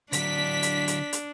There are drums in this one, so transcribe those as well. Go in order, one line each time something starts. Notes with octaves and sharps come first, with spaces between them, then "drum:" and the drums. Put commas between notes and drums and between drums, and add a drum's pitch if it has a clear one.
D3 F#3 D4 B6, drum: hi-hat
drum: hi-hat
drum: hi-hat
drum: hi-hat